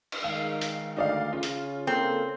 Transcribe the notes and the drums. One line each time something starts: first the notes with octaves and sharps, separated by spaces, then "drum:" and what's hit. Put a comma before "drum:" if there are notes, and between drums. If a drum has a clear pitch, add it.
drum: cymbal
D#3 G#3 F5
drum: hi-hat
D2 D#4 D5 F5
C#3 F4
drum: hi-hat
A#3 C4 A4